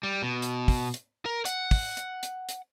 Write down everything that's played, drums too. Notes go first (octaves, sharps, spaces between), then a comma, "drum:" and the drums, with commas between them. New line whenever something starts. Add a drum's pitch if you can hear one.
G3
B2
drum: hi-hat
drum: kick, open hi-hat
drum: hi-hat
A#4
F#5, drum: hi-hat
drum: kick, open hi-hat
drum: hi-hat
drum: hi-hat
drum: hi-hat